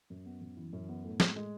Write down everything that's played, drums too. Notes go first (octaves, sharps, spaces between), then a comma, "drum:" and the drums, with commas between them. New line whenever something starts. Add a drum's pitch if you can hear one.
F#2
B3
F#2
E3
F#2
B3
A2
G#3, drum: snare
G#3